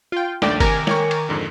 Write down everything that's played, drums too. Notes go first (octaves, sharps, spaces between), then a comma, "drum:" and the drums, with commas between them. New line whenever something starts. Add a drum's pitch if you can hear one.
F4 G5
A#1 D#2 A3 D4 D5 G5, drum: snare
C3 D#3 A#4 G#5 D6, drum: kick G1, cymbal
C#5 G5 C#6, drum: snare
drum: cymbal
F2 G#2 D3